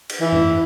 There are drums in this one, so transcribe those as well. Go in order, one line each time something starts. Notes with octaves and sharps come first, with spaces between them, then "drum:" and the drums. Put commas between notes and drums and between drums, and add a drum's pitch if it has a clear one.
drum: cymbal
E3
drum: tom G2